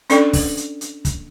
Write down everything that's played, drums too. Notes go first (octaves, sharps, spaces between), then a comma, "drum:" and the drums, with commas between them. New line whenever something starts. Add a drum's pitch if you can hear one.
C#4 D4 A4 D5 G5 C#6, drum: hi-hat
drum: kick, open hi-hat
drum: hi-hat
drum: hi-hat
drum: kick, hi-hat